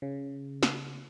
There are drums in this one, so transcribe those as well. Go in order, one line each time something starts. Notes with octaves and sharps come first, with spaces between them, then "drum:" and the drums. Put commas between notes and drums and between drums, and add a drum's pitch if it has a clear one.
C#3
drum: snare